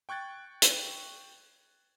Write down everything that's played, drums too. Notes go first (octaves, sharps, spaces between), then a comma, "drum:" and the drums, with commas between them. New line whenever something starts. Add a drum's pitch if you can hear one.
G5 C#6 F#6 G#6 A6
drum: hi-hat